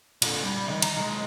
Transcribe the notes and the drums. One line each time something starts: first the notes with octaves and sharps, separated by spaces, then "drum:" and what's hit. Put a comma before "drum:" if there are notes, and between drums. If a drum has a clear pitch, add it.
A#2 D3, drum: cymbal
G3
C3 D#3
A#5, drum: cymbal
B1 G#3